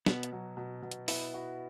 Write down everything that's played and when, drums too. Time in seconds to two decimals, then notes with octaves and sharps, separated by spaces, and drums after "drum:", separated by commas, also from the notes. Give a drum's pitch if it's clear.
0.06 B2 B3, drum: snare
0.23 drum: hi-hat
0.32 F#3
0.57 B2
0.82 B2
0.91 drum: hi-hat
1.08 B3 E4, drum: open hi-hat
1.34 F#4